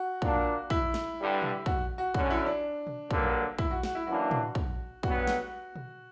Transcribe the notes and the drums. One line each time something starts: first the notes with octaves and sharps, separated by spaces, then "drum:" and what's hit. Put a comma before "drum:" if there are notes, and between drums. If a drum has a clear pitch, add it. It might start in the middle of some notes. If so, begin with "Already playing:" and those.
Already playing: F#4
A#2 A#3 D4, drum: kick
E4, drum: kick
drum: snare
G2 D3 G3
drum: tom A#2
F#4, drum: kick
F#4
D3 F#3 C#4 F#4, drum: kick
E4
D4
drum: tom A#2
G2 D3 F#3 A#3, drum: kick
E4, drum: kick
F#4
F#4, drum: snare
E4
F#2 E3 A#3 D4 F#4
drum: tom
drum: kick
G2 F#3 B3 F#4, drum: kick
drum: snare
drum: tom A#2